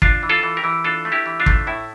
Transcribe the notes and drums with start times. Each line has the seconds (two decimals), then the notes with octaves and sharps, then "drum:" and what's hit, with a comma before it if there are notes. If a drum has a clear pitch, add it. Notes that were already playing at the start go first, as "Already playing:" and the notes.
0.02 D4 F4, drum: kick
0.23 E3
0.29 F4 A4
0.43 E3
0.57 G4 A#4
0.64 E3
0.84 D4 F4 A4
1.05 A3
1.12 E4 G4
1.26 E3
1.40 D4 F4
1.46 A3, drum: kick
1.67 A2 E4